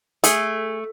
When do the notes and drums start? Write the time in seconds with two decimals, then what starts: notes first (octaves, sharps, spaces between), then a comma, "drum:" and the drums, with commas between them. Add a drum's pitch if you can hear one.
0.24 A3 G#4, drum: hi-hat